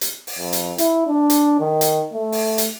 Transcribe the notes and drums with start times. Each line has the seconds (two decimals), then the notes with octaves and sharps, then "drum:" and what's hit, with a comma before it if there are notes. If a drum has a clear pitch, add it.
0.01 drum: hi-hat
0.27 drum: open hi-hat
0.38 F2
0.53 drum: hi-hat
0.78 E4, drum: hi-hat
1.07 D4
1.30 drum: hi-hat
1.60 D#3
1.81 drum: hi-hat
2.13 A3
2.32 drum: open hi-hat
2.58 drum: hi-hat